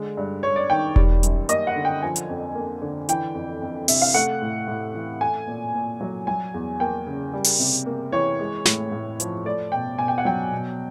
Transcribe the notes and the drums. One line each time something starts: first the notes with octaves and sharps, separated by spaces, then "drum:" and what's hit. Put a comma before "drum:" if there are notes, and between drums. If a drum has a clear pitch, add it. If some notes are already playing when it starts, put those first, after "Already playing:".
Already playing: D3 G#3
G2
G2 C#5
D5
D#3 G5
G3, drum: kick E1
F#2, drum: hi-hat
A#3 D#5, drum: hi-hat
F#5
D3
G5
F3 G#5
drum: hi-hat
F2
A#3
D3
E3 G5, drum: hi-hat
F2
F2
C3 E5, drum: open hi-hat
F5
A3 F#5
A2
A2
E3
A3 G#5
A#2
A#2
F#3
F#3 G#5
E2
A#3 G5
C#3
G3
drum: open hi-hat
C3
A#3
E3 C#5
G#3
A2, drum: snare
A2
F3, drum: hi-hat
A3 D5
B2 G5
B2 G#5
G5
F#5
F#3 G5
B2